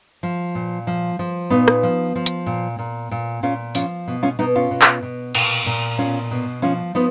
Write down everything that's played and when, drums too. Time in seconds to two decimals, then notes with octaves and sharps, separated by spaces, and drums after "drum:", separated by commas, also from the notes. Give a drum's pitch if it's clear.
0.23 F3
0.55 A#2
0.87 F3
1.19 F3
1.50 A#2 B3 D#4
1.68 drum: rim click
1.83 F3
2.15 F3
2.26 drum: hi-hat
2.46 A#2
2.79 A#2
3.11 A#2
3.43 A#2 C#4 F4
3.75 F3 C#4 F4, drum: open hi-hat
4.08 B2
4.23 C#4 F4
4.39 B2 B3 D#4
4.55 C#4 F4
4.71 B2
4.81 drum: clap
5.02 B2
5.35 A#2, drum: cymbal
5.66 A#2
5.98 B2 C#4 F4
6.31 B2
6.62 F3 C#4 F4
6.95 F3 B3 D#4